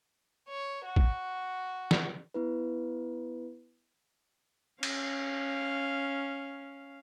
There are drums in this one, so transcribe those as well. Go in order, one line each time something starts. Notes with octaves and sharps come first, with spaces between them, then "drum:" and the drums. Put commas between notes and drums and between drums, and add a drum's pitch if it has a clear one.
C#5
F#4
drum: kick
drum: snare
B3 E4 B4
C#4 F5, drum: cymbal